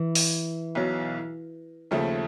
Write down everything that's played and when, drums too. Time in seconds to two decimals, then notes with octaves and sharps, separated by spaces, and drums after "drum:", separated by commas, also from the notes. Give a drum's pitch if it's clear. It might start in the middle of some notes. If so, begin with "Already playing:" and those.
Already playing: E3
0.15 drum: open hi-hat
0.75 B1 B2 F#3
1.91 D#2 C#3 F3 A3